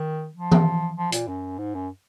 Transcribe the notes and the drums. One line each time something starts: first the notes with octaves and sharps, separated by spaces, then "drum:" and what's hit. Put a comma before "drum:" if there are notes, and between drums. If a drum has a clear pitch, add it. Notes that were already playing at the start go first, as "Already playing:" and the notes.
Already playing: D#3
F3
drum: tom E3
F3
A#2, drum: hi-hat
F#2
G#2
F#2